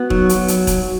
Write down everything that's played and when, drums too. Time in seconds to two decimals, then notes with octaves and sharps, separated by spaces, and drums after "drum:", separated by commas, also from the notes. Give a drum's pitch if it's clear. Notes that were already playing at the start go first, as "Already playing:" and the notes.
Already playing: B3 F#4
0.10 F#3 D#4, drum: kick E1
0.29 F#4, drum: hi-hat
0.36 F#3
0.48 drum: hi-hat
0.67 drum: kick E1, hi-hat